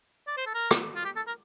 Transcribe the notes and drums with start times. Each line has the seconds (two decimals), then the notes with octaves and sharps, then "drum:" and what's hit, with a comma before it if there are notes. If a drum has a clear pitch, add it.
0.27 D5
0.37 C5
0.46 A4
0.54 A#4
0.71 drum: rim click
0.96 F4
1.05 G4
1.16 A4
1.27 A#4